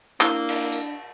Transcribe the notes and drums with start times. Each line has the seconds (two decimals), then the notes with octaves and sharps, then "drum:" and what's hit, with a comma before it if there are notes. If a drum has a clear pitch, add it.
0.21 A#3 D4 E4 E6 G7, drum: clap
0.49 drum: cymbal
0.72 drum: tambourine